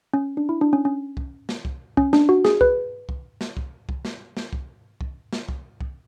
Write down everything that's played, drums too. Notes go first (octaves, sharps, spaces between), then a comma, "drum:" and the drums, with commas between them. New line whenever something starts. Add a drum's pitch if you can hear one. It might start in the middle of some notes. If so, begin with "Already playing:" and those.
C#4
D4
E4
D4
C#4
C#4
drum: kick C2
drum: snare
drum: kick C2
C#4, drum: kick C2
D4, drum: snare
F#4
G#4, drum: snare
B4, drum: kick C2
drum: kick C2
drum: snare
drum: kick C2
drum: kick C2
drum: snare
drum: snare
drum: kick C2
drum: kick C2
drum: snare
drum: kick C2
drum: kick C2